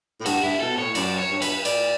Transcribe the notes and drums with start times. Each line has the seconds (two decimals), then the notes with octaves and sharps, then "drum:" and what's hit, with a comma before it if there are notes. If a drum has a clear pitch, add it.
0.20 A2
0.26 G2 F#4, drum: cymbal
0.43 G2 E4
0.60 B2 A4
0.78 A2 C#5
0.95 F#2 D5, drum: cymbal
1.18 C#5
1.30 G2
1.42 B4, drum: cymbal
1.65 A2 D5, drum: cymbal